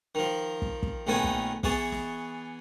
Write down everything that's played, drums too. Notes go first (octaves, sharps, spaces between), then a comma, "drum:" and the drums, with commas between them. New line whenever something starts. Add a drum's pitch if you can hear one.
D#3 F3
drum: kick
drum: kick
A#1 D#3 A3 B3 A4 G#5
drum: kick
E3 B3 G#4 A5 C#6, drum: kick
drum: snare